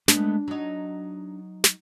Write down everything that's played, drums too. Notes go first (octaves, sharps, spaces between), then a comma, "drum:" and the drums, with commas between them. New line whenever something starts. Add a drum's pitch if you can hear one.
G#3 A3 B3 D4, drum: snare
F#3 D#4
drum: snare